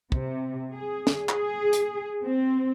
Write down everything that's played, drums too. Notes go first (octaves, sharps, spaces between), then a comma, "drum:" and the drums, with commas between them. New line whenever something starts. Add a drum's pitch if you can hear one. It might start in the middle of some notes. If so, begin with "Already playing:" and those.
C3, drum: kick
G#4
drum: snare
G#4, drum: clap
drum: hi-hat
C4